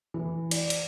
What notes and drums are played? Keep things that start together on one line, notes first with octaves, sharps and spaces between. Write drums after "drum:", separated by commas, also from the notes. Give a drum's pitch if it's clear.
E3
D5, drum: cymbal
drum: cymbal